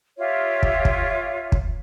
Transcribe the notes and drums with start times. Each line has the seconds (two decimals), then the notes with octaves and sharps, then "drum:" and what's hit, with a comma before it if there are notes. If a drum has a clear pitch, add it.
0.18 F4 G4 C#5 E5
0.63 drum: kick
0.85 drum: kick
1.52 drum: kick